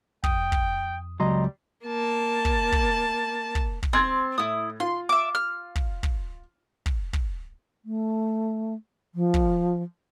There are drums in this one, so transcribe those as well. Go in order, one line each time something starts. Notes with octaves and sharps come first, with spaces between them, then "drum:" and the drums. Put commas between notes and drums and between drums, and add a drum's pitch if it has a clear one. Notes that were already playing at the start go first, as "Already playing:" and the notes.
F2 G5 D#6, drum: kick
drum: kick
C#2 F#3 G3 D#5 A#5 C6
A#3 A5
drum: kick
drum: kick
drum: kick
drum: kick
C4 C6 G#6 A6
A2 E4 D#6
F4 C6
E5 D6
F6
drum: kick
drum: kick
drum: kick
drum: kick
A3
F3
drum: kick